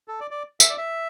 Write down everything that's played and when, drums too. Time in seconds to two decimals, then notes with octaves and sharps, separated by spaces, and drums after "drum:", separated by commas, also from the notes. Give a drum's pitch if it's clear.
0.08 A4
0.20 D5
0.31 D5
0.60 E5, drum: tambourine
0.69 D5
0.78 E5